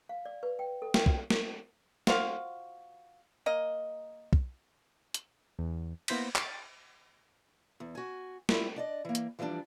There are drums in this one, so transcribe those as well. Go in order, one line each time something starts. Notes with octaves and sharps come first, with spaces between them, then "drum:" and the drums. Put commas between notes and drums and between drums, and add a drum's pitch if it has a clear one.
F5
D5
B4
G5
A4
G5, drum: snare
F#4, drum: kick
drum: snare
F4 F#4 C5 F5, drum: snare
A#3 D#5
drum: kick
drum: hi-hat
E2
A#3 B3 E4 C5 A#6 B6, drum: cymbal
A6 D7, drum: clap
E2
F#4 G#5
G3 E4 F4, drum: snare
D4 D5 D#5
E3 A#3
drum: hi-hat
E3 F3 G3 A#3 D4